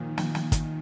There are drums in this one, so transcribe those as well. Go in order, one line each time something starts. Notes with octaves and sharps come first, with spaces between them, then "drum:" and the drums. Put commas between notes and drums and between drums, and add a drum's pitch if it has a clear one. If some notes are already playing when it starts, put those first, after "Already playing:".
Already playing: A#2 D#3 F3
A#2, drum: snare
drum: snare
drum: kick, hi-hat